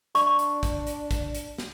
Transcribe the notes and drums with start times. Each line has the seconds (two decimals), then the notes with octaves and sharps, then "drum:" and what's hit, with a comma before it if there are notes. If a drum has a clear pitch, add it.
0.15 D4 C#6, drum: hi-hat
0.39 drum: hi-hat
0.63 drum: kick, hi-hat
0.87 drum: hi-hat
1.11 drum: kick, hi-hat
1.35 drum: hi-hat
1.58 drum: snare